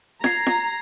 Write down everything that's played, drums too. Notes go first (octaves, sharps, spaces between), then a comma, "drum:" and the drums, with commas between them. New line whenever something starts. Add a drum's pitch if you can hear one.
A#5 G#6 C7, drum: snare
drum: snare